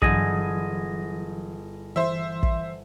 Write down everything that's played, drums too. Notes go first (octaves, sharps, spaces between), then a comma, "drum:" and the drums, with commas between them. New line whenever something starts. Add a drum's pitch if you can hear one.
G1 E3 F#3 E4 G#4 D#5 G#5, drum: kick
E3 C5 E5
drum: kick